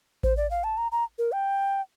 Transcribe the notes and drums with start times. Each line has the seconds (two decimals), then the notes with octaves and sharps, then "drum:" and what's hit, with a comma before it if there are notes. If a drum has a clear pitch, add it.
0.23 C5, drum: kick A1
0.37 D5
0.51 F5
0.64 A5
0.78 A#5
0.92 A#5
1.18 A#4
1.32 G5